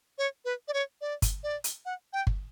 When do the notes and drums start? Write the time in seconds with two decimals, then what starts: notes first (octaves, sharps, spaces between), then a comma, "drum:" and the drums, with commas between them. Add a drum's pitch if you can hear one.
0.18 C#5
0.45 B4
0.68 D5
0.74 C#5
1.01 D5
1.22 drum: kick G1, hi-hat
1.43 D5
1.64 drum: hi-hat
1.85 F#5
2.13 G5
2.27 drum: kick G1